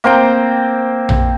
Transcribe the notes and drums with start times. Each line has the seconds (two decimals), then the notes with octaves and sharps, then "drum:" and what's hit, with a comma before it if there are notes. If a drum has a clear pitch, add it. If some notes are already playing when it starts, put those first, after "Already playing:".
0.04 A#3 C4 C5 G5
1.09 drum: tom A#1